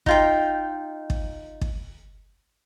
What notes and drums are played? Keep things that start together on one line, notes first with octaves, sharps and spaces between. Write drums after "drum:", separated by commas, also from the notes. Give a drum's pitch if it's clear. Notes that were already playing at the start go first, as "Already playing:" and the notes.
D#4 F4 G5, drum: kick
drum: kick
drum: kick